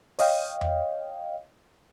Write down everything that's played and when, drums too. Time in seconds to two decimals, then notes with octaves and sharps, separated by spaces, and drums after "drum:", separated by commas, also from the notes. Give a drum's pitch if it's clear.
0.19 C#5 D#5 F5 G5, drum: open hi-hat
0.61 drum: tom E2